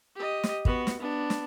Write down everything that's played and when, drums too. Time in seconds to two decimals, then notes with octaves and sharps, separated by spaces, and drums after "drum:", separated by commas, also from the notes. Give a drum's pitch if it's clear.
0.15 G4 D#5
0.43 drum: snare
0.65 B3 F#4, drum: kick
0.87 drum: snare
1.00 B3 D4
1.30 drum: snare